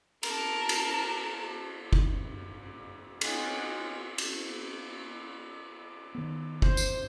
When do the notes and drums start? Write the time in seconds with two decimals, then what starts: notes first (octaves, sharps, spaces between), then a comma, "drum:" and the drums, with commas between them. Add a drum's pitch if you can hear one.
0.23 A#4 A5, drum: cymbal
0.69 drum: cymbal
1.93 drum: kick F#1
3.21 C4 C#4 D#4 F4 F#5 G#5, drum: cymbal
4.18 drum: cymbal
6.15 D#3 B3
6.62 C5, drum: kick F#1
6.77 drum: tambourine